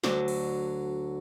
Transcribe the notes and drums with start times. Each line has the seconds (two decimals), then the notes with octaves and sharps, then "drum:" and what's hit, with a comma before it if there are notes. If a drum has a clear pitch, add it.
0.04 D2 D3 F#3, drum: snare
0.28 drum: cymbal